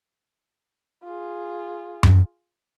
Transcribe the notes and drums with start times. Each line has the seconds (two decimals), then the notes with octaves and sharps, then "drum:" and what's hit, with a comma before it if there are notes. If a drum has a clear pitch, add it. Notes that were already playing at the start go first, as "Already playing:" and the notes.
1.04 F4 G#4
2.03 drum: tom F#2